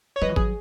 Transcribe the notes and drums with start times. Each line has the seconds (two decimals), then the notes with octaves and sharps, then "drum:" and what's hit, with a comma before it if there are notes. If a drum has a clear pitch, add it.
0.16 C#5
0.22 F#3 B4 D#5, drum: tom G3
0.29 E3
0.36 F#3 G#4, drum: kick G#1